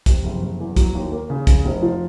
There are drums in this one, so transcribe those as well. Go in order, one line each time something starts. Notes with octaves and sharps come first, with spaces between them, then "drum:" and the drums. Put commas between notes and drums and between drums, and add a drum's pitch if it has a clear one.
C3, drum: kick, hi-hat
F#1
F#1
E2
F#3, drum: kick, hi-hat
D#2
A#3
C#3
C#3, drum: kick, hi-hat
F1
F3